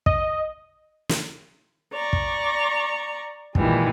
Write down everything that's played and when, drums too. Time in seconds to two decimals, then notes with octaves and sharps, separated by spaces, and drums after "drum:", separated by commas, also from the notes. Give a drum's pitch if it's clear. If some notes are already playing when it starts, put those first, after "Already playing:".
0.06 D#5, drum: kick
1.09 drum: snare
1.94 D5 A#5 C#6
2.13 drum: kick
3.55 A#2 D#3 E3 G3 G#3, drum: kick